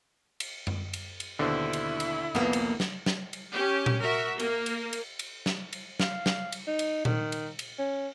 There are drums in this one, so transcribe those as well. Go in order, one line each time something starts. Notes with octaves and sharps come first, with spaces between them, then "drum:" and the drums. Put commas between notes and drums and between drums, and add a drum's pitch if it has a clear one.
drum: cymbal
drum: tom F#2
drum: cymbal
drum: cymbal
D#2 B2 D3 E4 C5
drum: cymbal
drum: cymbal
C2 F2 A#3 B3 D#6
drum: cymbal
drum: snare
drum: snare
drum: cymbal
C#4 G4
drum: tom A#2
F#4 A#4 E5
A#3, drum: cymbal
drum: cymbal
drum: cymbal
drum: cymbal
drum: snare
drum: cymbal
F5, drum: snare
drum: snare
drum: cymbal
D#4
drum: cymbal
D#3, drum: tom A#2
drum: cymbal
drum: cymbal
C#4